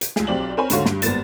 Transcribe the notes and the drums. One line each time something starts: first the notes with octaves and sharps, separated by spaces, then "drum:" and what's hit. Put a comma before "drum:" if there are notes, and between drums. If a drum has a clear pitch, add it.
drum: hi-hat
C#2 G#4, drum: snare
B1 C4 G4 D5 F#7
C4 A#4 C5 C#5 G#5 B5
D#2 G#2 D3 F#4 C#5 F5, drum: hi-hat
G2, drum: snare
G#1 G3 A#3 B3 A6 E7, drum: hi-hat